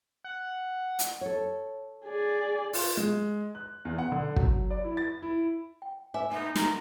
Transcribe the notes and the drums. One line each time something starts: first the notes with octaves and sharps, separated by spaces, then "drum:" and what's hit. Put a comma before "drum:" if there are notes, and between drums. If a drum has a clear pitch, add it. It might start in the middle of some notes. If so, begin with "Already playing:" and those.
F#5
drum: hi-hat
A4 C#5
G#4 D5
F4, drum: open hi-hat
G#3
F#6
E2
F#5
D3
F#3, drum: kick
D5
E4
A6
E4
G5
B4 E5 G#5 D6
B3 D#4
A#5, drum: snare